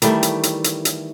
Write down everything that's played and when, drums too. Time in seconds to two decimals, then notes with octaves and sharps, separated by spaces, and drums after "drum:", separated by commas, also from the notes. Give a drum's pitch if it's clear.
0.02 D#3 E3 G3 A3, drum: hi-hat
0.23 drum: hi-hat
0.43 drum: hi-hat
0.64 drum: hi-hat
0.85 drum: hi-hat